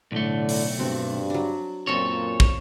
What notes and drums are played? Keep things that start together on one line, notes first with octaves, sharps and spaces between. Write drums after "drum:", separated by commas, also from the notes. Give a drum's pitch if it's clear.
B1 A2 D3 A3
drum: open hi-hat
G2 C4 F#4 A4
F#3 D4
F#2 A#2 C4 A4 A#4 C#5
drum: kick